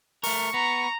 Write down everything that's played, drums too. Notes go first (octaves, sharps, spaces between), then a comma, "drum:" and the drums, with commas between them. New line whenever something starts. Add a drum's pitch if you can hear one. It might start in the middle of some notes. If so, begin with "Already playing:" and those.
A3 A#4 C#6, drum: open hi-hat
B3 A#5